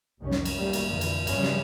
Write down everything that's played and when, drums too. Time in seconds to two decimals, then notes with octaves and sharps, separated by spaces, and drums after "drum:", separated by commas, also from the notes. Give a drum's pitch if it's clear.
0.19 F1 C2 D#3 C#4
0.31 drum: snare
0.45 drum: cymbal
0.55 D#2 G3 A3 A#3
0.73 drum: cymbal
0.87 F2 A#2 D3 E3
1.01 drum: cymbal
1.27 G2 C#3 G3 C4 C#4, drum: cymbal
1.43 drum: snare